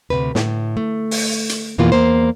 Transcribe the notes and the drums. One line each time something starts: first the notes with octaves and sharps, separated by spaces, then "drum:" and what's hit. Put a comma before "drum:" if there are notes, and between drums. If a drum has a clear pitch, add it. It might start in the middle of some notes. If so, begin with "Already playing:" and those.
D2 A2 C3 B4
A2, drum: snare
A3
drum: open hi-hat
drum: hi-hat
F2 B2 E3 A#3 F4
E2 A#3 C5